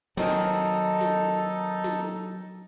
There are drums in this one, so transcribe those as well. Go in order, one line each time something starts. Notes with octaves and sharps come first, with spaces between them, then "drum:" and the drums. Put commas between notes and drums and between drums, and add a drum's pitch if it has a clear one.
A#2 D#3 F#3 C4 D#4 A4, drum: snare
drum: snare
drum: snare